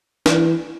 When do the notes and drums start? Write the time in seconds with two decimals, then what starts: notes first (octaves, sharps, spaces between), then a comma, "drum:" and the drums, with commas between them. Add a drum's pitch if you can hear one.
0.26 E3, drum: snare